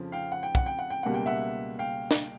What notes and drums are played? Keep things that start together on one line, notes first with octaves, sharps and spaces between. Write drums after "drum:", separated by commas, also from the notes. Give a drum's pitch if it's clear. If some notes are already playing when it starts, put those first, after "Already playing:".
Already playing: F2 C#3 F3
F5 G5
F#5
G5
F#5, drum: kick
G5
F#5
G5
C#2 B2 G3 A#3 F#5
G5
E5 F#5
F5 G5
drum: snare